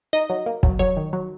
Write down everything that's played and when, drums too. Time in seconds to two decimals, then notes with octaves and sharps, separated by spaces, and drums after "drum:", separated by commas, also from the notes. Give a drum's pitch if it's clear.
0.13 D#4 D#5
0.30 F#3
0.46 A#3
0.63 F#3, drum: kick
0.79 F#3 C#5
0.97 D#3
1.13 F#3